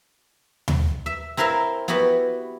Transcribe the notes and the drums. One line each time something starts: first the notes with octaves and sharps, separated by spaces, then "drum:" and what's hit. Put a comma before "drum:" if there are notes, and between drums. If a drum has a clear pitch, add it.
drum: tom D#2
E5
C4 E4 A#4 C5 E5 F5
B3 E4 F#4 G4 B4